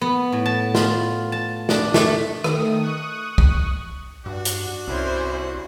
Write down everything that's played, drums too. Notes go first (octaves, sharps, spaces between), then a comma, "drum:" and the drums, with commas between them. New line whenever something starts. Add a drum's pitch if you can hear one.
B3
A2
A5
F4, drum: snare
A5
D4, drum: snare
A3, drum: snare
D#3 A3 D#6, drum: rim click
C#6 D#6 F#6
drum: kick B1
G2 D4 F#4
drum: hi-hat
C2 C#4 E4 C5